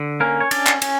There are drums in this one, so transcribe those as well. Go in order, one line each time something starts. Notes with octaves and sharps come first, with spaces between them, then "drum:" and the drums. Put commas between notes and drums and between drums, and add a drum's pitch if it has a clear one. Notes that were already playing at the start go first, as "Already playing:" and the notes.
Already playing: D3
A#3 C#4 A#4
C#5
C#4 D4 D5, drum: cymbal
drum: clap
C#4, drum: cymbal